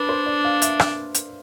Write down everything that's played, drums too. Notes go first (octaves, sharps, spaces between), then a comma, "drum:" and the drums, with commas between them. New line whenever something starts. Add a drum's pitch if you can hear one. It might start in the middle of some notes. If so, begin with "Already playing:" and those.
Already playing: D4 B4
C5
D5
F5
E5, drum: hi-hat
drum: rim click
drum: hi-hat